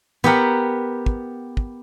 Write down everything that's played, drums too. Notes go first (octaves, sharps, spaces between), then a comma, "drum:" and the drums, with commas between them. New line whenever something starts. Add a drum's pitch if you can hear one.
B3 G4 A#4 F#5, drum: tom
drum: kick
drum: kick